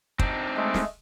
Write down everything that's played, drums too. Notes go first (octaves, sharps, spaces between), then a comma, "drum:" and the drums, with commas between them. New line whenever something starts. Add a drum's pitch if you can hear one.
C4 D4 D#4, drum: kick
G#3 A3
drum: snare